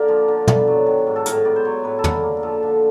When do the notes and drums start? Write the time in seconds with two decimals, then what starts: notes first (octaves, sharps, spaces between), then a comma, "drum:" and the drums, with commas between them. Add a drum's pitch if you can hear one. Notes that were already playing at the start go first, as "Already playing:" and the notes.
Already playing: D3 A#3 A#4
0.08 F3
0.28 D3
0.47 B3, drum: tom
0.67 F#3
0.87 D#3
1.07 G#2
1.16 A4
1.26 A2 A#4, drum: hi-hat
1.45 B3 D5
1.56 C5
1.65 F#3 C#5
1.84 A2 B4
1.99 A4
2.04 D3 A#4, drum: tom
2.23 A#3
2.43 F3 A4
2.63 D3